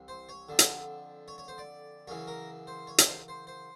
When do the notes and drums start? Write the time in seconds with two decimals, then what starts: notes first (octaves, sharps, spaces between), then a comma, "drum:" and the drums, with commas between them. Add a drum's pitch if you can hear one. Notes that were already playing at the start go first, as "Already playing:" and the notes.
Already playing: C2 C3 E3
0.08 C5
0.29 C#5
0.49 F2 D3
0.59 drum: hi-hat
1.28 C#5
1.38 C#5
1.48 C5
1.58 D5
2.07 F#2 C#3 E3 C#5
2.27 A#4
2.67 C5
2.87 C#5
2.98 D5, drum: hi-hat
3.07 C5
3.28 C5
3.47 C5